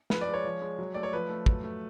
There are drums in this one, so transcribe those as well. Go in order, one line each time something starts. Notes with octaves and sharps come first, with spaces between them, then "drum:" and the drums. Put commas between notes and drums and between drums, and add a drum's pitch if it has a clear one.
F3 B4, drum: snare
D5
G#3
C#5
F3
G#3
F#3
A3 D5
C#5
F3 B4
A3
F#3, drum: kick
A3